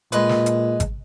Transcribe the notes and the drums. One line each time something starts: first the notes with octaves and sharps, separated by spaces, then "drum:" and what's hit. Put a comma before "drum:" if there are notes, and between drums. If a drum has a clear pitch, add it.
A#2 G#3 B4, drum: hi-hat
drum: snare
drum: hi-hat
drum: kick G#1, hi-hat